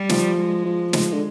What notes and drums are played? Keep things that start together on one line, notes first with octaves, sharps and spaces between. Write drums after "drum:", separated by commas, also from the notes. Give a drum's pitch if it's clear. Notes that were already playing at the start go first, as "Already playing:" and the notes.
Already playing: G3
F3, drum: snare
G#3
F3
G#3, drum: snare
D3